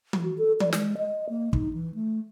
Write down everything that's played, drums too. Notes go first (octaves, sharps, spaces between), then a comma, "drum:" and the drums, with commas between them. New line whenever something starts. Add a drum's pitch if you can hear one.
drum: tom
F#4
A4
D5, drum: tom
G#3, drum: snare
D#5
A#3
D#4, drum: kick
E3
A3